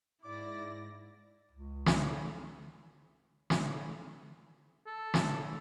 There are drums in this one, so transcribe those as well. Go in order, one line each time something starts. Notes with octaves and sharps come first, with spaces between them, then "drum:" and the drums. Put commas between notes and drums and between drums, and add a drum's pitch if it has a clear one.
G#2 E4 D5 D6 A#6
C#2
drum: snare
drum: snare
A4
drum: snare